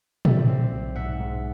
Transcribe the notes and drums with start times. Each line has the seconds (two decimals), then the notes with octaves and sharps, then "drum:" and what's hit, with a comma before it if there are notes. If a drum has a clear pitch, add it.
0.25 C4 D5 E5, drum: tom
0.48 C4
0.72 B1
0.96 G#2 E5 F#5
1.20 G#2